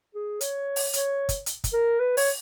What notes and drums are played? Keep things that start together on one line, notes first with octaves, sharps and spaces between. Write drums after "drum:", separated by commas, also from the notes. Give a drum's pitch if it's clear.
G#4
C#5, drum: hi-hat
drum: open hi-hat
C#5, drum: hi-hat
drum: kick, hi-hat
drum: hi-hat
drum: kick, hi-hat
A#4
B4
C#5, drum: open hi-hat